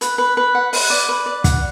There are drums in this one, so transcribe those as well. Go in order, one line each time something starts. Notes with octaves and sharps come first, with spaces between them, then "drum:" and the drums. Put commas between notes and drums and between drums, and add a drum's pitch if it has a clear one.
B4, drum: hi-hat
B4
B4
F#5
B4, drum: open hi-hat
D5
B4
D5
F#5, drum: kick, hi-hat